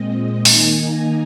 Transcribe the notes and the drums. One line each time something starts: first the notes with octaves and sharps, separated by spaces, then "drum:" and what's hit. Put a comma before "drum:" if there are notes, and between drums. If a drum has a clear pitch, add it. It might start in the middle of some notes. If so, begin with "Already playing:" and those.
Already playing: A#2 G#3 C4 D#5
D#3 A#3 D#4 G#5, drum: open hi-hat
A#5